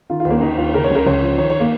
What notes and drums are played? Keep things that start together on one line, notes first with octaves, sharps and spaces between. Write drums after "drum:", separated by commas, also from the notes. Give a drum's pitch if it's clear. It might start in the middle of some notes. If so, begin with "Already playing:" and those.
D#3 F4
F4
D#2, drum: cymbal
A#3
D#3 D#4
D#2 F4
C#3 A#4
C#5
C#2
A#4
C#2 C#5
F3
D#3 C#5
C#5
A#3